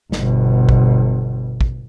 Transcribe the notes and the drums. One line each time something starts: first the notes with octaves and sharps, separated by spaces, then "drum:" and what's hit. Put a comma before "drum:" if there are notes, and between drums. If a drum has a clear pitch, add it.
G1 B2, drum: snare
drum: kick
drum: kick